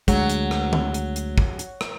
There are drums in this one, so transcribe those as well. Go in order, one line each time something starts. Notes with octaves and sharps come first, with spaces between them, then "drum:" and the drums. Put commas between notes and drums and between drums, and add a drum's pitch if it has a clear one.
D2 F#3 G#3, drum: kick, hi-hat
drum: hi-hat
drum: rim click
drum: tom D#3
drum: hi-hat
drum: hi-hat
drum: kick
drum: hi-hat
drum: rim click